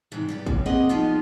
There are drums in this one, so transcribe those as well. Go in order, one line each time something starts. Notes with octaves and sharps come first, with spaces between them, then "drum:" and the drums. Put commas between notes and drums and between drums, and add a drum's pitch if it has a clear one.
G#2 C3 E3 D#4
G3 G4 B4
C#3 G3, drum: kick
A#3 C4 G#4 B4 D#5 F#5
D#3 F3 G3 B3 F4